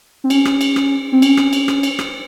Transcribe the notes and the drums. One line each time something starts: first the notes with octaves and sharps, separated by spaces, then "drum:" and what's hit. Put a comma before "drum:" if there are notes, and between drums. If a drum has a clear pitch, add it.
C4
C#4, drum: cymbal
drum: rim click
drum: cymbal
drum: rim click
C4
C#4, drum: cymbal
drum: rim click
drum: cymbal
drum: rim click
drum: cymbal
drum: rim click